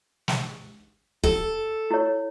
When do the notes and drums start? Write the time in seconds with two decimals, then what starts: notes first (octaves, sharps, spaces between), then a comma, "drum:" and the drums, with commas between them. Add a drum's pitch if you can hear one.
0.28 drum: snare
1.24 A4, drum: kick
1.91 E4 C#5